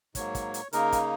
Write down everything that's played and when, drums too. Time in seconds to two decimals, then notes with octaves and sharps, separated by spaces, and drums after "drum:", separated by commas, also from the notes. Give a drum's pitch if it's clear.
0.15 G#2 F#3 A#3 C#5, drum: kick, hi-hat
0.35 drum: kick, hi-hat
0.54 drum: hi-hat
0.73 C#3 A#3 D#4 A#4, drum: hi-hat
0.92 drum: kick, hi-hat